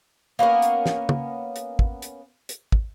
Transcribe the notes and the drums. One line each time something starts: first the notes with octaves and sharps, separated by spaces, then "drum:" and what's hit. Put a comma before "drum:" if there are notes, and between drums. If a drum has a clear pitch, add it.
A#3 B3 C#4 A#4
drum: hi-hat
drum: snare
drum: tom
drum: hi-hat
drum: kick
drum: hi-hat
drum: hi-hat
drum: kick